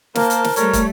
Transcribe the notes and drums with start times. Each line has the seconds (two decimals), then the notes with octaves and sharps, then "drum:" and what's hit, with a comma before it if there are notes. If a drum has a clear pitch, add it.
0.15 A#3 A#4 C5 A5, drum: snare
0.30 drum: hi-hat
0.44 drum: snare
0.56 G3 A3 A#4 C#5, drum: hi-hat
0.73 drum: kick, hi-hat